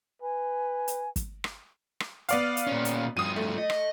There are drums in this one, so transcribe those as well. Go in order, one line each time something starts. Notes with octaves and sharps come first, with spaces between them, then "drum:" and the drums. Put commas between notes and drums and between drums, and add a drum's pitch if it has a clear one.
B4 G#5
drum: hi-hat
drum: kick, hi-hat
drum: rim click
drum: rim click
B3 D5 F5, drum: hi-hat
drum: hi-hat
A#2 C#4
drum: hi-hat
G2 F3 D#6 D#7
A3
D#5
drum: rim click